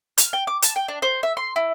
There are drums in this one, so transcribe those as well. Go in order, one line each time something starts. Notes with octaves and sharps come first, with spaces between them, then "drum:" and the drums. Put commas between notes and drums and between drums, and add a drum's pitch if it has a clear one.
F6, drum: hi-hat
G5
D6
A5, drum: hi-hat
G5
D4
C5
E5
C6
E4